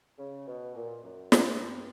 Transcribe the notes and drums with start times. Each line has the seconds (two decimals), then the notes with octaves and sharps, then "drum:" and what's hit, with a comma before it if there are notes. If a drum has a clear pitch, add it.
0.18 C#3
0.47 B2
0.75 A#2
1.03 F#2
1.32 G2, drum: snare
1.60 G2